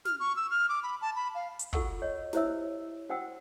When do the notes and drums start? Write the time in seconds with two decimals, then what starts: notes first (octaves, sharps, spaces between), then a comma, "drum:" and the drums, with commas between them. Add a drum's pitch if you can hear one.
0.05 F6, drum: snare
0.20 C#6
0.36 E6
0.51 F6
0.69 D6
0.83 B5
1.01 A5
1.16 B5
1.35 F5
1.59 drum: hi-hat
1.73 F4 F#4 A4 F#5 C#6 E6, drum: kick
2.02 C#5 D#5
2.33 E4 G4 C5 C#5 E5 E6, drum: snare
3.10 F#4 C5 F#5 G5 E6